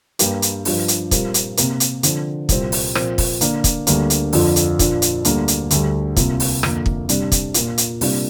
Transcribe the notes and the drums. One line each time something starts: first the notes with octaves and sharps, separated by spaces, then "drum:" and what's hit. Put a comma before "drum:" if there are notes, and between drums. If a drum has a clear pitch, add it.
G2 G3 A#3 G4 A#4, drum: hi-hat
drum: hi-hat
G2 F3 D4 G4, drum: open hi-hat
drum: hi-hat
A#2 G3 C4 F4 A#4, drum: kick, hi-hat
drum: hi-hat
C3 A#3 G4 A#4, drum: hi-hat
drum: hi-hat
D3 F3 C4, drum: hi-hat
C2 A#2 G3 C4, drum: kick, hi-hat
drum: open hi-hat
A#2 F3 C4, drum: rim click
drum: kick, open hi-hat
D3 A#3 D4, drum: hi-hat
drum: kick, hi-hat
D2 D3 G3 A#3 D4, drum: hi-hat
drum: hi-hat
F2 D3 F3 D4 F4, drum: open hi-hat
drum: hi-hat
A#2 F3 D4, drum: kick, hi-hat
drum: hi-hat
D2 D3 G3 A#3, drum: hi-hat
drum: hi-hat
D2 D3 G3, drum: hi-hat
C2 C3 A#3 F4, drum: kick, hi-hat
drum: open hi-hat
F2 D3 A#3, drum: rim click
drum: kick
C3 G3 D4, drum: hi-hat
drum: kick, hi-hat
A#2 A#3 F4, drum: hi-hat
drum: hi-hat
C3 G3 A#3 D4 F4, drum: open hi-hat